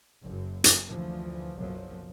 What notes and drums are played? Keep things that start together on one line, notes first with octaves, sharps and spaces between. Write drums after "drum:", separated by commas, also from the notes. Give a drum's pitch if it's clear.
F#1 F#2
drum: hi-hat
D2 E3 F3
F#1 B1 F#2 F3 F#3